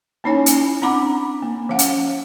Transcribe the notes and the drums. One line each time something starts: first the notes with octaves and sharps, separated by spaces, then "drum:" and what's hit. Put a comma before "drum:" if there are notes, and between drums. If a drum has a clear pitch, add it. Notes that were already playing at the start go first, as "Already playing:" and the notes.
A#3 C#4 D#4 E4 C#5 G#5
drum: hi-hat
C4 D4 F#5 A#5 B5 D6
A#3
F3 C#4 F5 F#5
drum: hi-hat